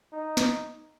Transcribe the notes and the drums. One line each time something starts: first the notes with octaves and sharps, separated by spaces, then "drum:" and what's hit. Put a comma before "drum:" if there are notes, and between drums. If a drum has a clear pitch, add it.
D#4
drum: snare